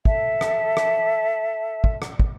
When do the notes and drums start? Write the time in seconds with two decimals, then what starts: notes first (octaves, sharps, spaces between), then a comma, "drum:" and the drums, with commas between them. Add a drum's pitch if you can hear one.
0.05 A4 E5 A5, drum: kick
0.41 drum: rim click
0.77 drum: rim click
1.84 drum: kick
2.02 drum: rim click
2.19 drum: kick